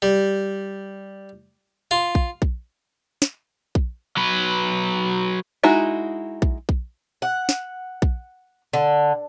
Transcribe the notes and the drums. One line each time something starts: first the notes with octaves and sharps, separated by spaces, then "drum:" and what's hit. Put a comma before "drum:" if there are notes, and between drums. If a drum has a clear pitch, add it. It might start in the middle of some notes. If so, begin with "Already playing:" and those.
G3
F4
drum: kick A#1
drum: kick A#1
drum: snare
drum: kick A#1
F#3 B4
G#3 D#4 E4 F#4
drum: kick A#1
drum: kick A#1
F#5
drum: snare
drum: kick A#1
D3